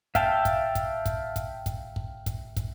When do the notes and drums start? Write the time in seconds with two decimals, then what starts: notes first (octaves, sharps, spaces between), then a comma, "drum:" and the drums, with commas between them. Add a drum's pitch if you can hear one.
0.15 E5 F5 G5 A5, drum: kick, hi-hat
0.45 drum: kick, hi-hat
0.75 drum: kick, hi-hat
1.06 drum: kick, hi-hat
1.36 drum: kick, hi-hat
1.66 drum: kick, hi-hat
1.96 drum: kick
2.26 drum: kick, hi-hat
2.56 drum: kick, hi-hat